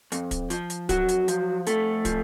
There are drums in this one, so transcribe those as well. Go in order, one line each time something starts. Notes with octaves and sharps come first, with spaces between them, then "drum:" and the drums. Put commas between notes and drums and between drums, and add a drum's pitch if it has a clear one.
F2, drum: hi-hat
drum: kick, hi-hat
F3, drum: hi-hat
drum: hi-hat
F2 F#3 F#4, drum: kick, hi-hat
drum: hi-hat
F3, drum: hi-hat
F2 A3 A4, drum: hi-hat
F3, drum: kick, hi-hat